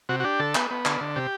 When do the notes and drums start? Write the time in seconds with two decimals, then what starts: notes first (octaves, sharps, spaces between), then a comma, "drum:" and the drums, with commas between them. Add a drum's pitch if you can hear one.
0.09 C3 F#4
0.20 F#4
0.24 D4 G4
0.40 D3 A4
0.55 B3, drum: clap
0.71 B3
0.85 D3, drum: clap
1.01 D3
1.16 C3 G4